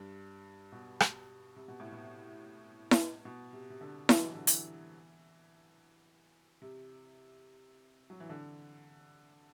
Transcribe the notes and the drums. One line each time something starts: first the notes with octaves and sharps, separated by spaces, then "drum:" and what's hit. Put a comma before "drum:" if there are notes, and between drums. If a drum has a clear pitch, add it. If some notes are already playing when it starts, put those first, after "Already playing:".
Already playing: G2
B2
drum: rim click
C3
B2
A2
B2
drum: snare E4
B2
C3
C3
D3
F#3, drum: snare E4
E3
D3
E3, drum: hi-hat
C3
F#3
E3
D3